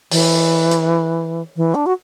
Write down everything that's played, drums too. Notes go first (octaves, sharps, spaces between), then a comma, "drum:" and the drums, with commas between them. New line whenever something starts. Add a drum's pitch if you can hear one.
E3, drum: open hi-hat
drum: hi-hat
E3
D4
F#4